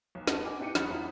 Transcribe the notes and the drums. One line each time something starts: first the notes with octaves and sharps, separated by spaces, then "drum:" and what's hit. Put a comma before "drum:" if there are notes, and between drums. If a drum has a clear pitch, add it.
B1
D#4 F#5 A5, drum: snare
D#5 G5 G#5 D6
D4 E4 G4 G5 C#7 D#7
E2 F#3 C#5 F#5 B5 D#6, drum: snare
E2 E4 F4 B5